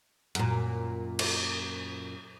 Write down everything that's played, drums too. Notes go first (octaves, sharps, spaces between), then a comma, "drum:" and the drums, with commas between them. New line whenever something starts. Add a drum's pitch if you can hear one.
F#2 A#2, drum: hi-hat
drum: cymbal